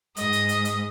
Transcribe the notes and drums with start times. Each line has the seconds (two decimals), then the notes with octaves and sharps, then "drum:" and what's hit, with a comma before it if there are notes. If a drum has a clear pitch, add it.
0.17 G#2 D#5, drum: hi-hat
0.33 drum: hi-hat
0.49 drum: hi-hat
0.65 drum: hi-hat